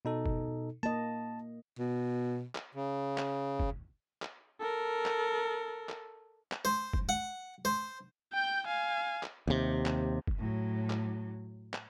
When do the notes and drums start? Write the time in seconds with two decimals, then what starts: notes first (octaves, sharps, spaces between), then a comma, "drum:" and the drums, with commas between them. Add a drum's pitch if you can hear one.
0.05 B2 D#4 A4
0.26 drum: kick F#1
0.83 A#3 D#5 A5
1.79 B2
2.55 drum: clap
2.75 C#3
3.18 drum: clap
3.60 drum: kick F#1
4.22 drum: clap
4.61 A4 A#4
5.06 drum: clap
5.89 drum: clap
6.52 drum: clap
6.65 C5
6.93 drum: kick F#1
7.09 F#5
7.65 C5
8.33 G5 G6
8.67 F5 G#5
9.23 drum: clap
9.47 D#2 C3
9.86 drum: clap
10.27 drum: kick F#1
10.38 A2 F#3
10.90 drum: clap
11.74 drum: clap